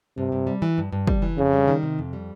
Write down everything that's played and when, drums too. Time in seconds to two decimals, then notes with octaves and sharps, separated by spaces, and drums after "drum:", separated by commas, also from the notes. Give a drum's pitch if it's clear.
0.18 G2 C3
0.32 G2
0.47 G3
0.62 E3
0.78 G2
0.92 G2
1.07 G3, drum: kick
1.22 E3
1.38 F2 C#3
1.53 G3
1.68 D#3
1.83 C3
1.99 F2
2.13 G3